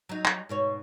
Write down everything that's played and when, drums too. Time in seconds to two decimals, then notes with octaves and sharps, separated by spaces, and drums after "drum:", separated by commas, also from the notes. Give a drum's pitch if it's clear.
0.09 F#3 D#4
0.25 drum: clap
0.49 G#2 B2 C#5